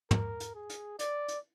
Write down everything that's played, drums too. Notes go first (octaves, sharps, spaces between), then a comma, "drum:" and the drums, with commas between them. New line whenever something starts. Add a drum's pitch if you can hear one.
A#4, drum: tom
drum: hi-hat
G#4
drum: hi-hat
D5, drum: hi-hat
drum: hi-hat